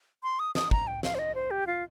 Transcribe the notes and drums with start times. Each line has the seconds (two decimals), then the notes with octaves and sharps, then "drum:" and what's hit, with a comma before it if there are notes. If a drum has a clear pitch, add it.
0.23 C6
0.39 D#6
0.55 D#6, drum: snare
0.71 A#5, drum: kick
0.87 G5
1.03 F5, drum: snare
1.15 C5
1.19 D#5
1.35 C5
1.51 G4
1.67 F4